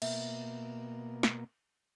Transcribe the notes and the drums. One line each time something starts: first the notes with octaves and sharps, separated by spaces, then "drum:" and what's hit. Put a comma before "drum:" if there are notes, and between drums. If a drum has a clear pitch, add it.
B2 A#3 E5, drum: cymbal
drum: snare